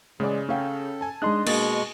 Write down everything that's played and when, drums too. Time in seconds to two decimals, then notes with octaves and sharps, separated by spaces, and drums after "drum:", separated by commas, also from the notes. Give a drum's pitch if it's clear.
0.20 C#3 E3 G#3 D5
0.49 C#4 A4 F5 G5
1.01 G#5 A5
1.22 G#3 D4 D#4 G#4 D#5 C6 F#6
1.47 B2 G#3 A#3 G#4 C#6 A6, drum: cymbal